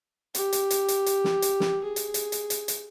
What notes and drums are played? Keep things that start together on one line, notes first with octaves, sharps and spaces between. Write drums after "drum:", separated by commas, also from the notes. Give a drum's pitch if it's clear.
G4, drum: hi-hat
drum: hi-hat
drum: hi-hat
drum: hi-hat
drum: hi-hat
drum: snare
drum: hi-hat
drum: snare
G#4
drum: hi-hat
drum: hi-hat
drum: hi-hat
drum: hi-hat
drum: hi-hat